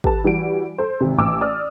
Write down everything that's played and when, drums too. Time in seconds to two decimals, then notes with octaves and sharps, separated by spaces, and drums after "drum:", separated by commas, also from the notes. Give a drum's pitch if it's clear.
0.04 G4 A4 B4 A5, drum: kick
0.24 E3 G3 F#4 D7
0.78 A4 C5
1.01 G#1 C3
1.18 A1 D6 E6
1.41 D5 D#6 F6